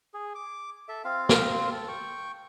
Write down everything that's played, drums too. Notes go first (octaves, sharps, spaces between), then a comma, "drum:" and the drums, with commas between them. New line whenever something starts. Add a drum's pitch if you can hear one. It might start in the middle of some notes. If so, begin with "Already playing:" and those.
G#4
D6
A4 E5
C4 F4 F5
drum: snare
A4
G5 C#6